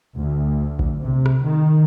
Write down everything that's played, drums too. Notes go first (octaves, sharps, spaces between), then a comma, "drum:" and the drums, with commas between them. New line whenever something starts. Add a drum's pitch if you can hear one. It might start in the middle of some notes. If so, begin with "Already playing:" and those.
D2
drum: kick A#1
C3
drum: rim click
D#3